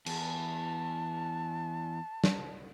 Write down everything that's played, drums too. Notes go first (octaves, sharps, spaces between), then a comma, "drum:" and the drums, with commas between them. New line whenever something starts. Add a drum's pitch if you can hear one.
E2 A5, drum: cymbal
drum: snare